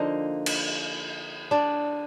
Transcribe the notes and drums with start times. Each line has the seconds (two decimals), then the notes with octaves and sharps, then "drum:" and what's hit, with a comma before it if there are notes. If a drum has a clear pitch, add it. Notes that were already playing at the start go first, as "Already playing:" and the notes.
Already playing: D3 F3 A#3 D#4 D#5
0.46 drum: cymbal
1.51 D4 D5